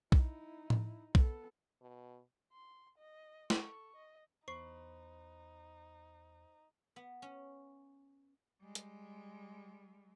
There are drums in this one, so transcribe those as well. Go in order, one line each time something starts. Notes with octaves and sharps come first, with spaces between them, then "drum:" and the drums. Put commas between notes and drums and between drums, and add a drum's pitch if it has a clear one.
D#4 E4, drum: kick B1
drum: tom A2
B3 A4, drum: kick B1
B2
C6
D#5
A4 C#6, drum: snare
D#5
E2 D#4 C5 B5 C#6 C7
B3
C#4
G3 G#3
drum: hi-hat